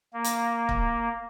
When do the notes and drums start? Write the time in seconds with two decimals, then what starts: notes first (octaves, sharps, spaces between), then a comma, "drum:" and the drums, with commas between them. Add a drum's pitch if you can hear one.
0.14 A#3
0.24 drum: hi-hat
0.69 drum: kick